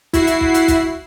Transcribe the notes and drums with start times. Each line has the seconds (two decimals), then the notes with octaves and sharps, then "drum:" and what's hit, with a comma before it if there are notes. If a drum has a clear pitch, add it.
0.13 E4 F#4 C7, drum: kick, hi-hat
0.27 drum: hi-hat
0.41 drum: kick
0.54 drum: hi-hat
0.68 drum: kick, hi-hat